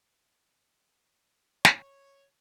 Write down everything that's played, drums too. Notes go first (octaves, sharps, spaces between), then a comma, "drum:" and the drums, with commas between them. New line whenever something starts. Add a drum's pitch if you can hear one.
C#5, drum: snare